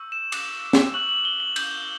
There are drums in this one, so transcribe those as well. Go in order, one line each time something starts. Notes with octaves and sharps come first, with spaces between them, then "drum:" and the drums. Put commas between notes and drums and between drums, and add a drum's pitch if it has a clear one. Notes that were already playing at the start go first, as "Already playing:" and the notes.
Already playing: C#6 E6 G6
E7
D6 F#6, drum: cymbal
drum: snare
C#6 F#6 F#7
F#7
G7
F#7
D6 G6, drum: cymbal